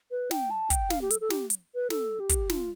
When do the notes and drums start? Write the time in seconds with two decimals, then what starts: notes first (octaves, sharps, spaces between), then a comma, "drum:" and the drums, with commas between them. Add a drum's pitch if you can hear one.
0.11 B4
0.31 G5, drum: snare
0.50 A5
0.70 G5, drum: kick, hi-hat
0.90 F5, drum: snare
1.01 G4
1.10 A4, drum: hi-hat
1.21 A4
1.30 G4, drum: snare
1.50 drum: hi-hat
1.75 B4
1.90 A4, drum: snare
2.20 G4
2.29 drum: kick, hi-hat
2.50 F4, drum: snare